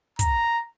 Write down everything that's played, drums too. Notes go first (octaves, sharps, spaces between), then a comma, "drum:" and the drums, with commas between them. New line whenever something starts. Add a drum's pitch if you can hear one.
A#5, drum: kick, hi-hat